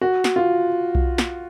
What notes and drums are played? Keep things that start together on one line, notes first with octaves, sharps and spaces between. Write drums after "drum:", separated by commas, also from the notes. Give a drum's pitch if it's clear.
F#4
drum: snare
F4
drum: kick B1
drum: snare